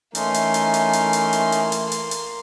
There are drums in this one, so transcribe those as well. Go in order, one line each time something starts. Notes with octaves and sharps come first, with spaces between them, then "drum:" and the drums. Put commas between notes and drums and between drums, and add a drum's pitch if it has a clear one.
E3 A3 A#3 C#4 D#4 C6, drum: hi-hat
drum: hi-hat
drum: hi-hat
drum: hi-hat
drum: hi-hat
drum: hi-hat
drum: hi-hat
drum: hi-hat
drum: hi-hat
drum: hi-hat
drum: hi-hat